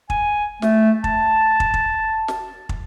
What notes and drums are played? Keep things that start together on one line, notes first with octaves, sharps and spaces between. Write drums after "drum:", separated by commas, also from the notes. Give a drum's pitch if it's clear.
G#5, drum: kick
A3, drum: snare
A5, drum: kick
drum: kick
drum: kick
drum: snare
drum: kick